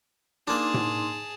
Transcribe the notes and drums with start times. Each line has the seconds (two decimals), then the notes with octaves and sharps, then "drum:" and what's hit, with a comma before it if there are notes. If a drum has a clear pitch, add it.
0.48 A#3 D4 D#4 G#4 A5 C6
0.74 drum: tom A2